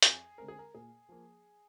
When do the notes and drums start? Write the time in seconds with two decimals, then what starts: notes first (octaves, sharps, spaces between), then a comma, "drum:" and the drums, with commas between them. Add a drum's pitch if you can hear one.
0.03 F2 G#4, drum: hi-hat
0.38 D3 G#3 C4 A#4
0.48 G#4
0.59 A#4
0.74 A#2 G#4
1.09 F3 A#3